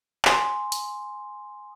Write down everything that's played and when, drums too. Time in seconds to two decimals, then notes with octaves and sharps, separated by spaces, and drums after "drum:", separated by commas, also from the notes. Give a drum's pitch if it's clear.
0.25 G#5 C6 D#6, drum: clap
0.72 drum: hi-hat